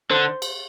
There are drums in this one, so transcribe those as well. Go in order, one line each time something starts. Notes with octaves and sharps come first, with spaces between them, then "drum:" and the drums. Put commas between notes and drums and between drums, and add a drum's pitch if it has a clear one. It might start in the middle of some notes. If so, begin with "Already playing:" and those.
D3 C5
drum: cymbal